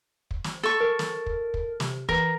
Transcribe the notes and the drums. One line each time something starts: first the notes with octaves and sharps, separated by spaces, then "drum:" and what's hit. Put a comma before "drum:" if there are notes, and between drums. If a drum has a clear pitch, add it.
drum: kick
drum: snare
A4 C#6
A#4
drum: snare
drum: kick
drum: kick
C3, drum: snare
E3 A#4, drum: kick